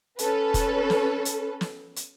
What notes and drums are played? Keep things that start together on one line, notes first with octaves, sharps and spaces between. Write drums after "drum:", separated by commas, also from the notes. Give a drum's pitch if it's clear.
C#4 A4 B4, drum: hi-hat
drum: kick F1, hi-hat
drum: snare
drum: hi-hat
drum: snare
drum: hi-hat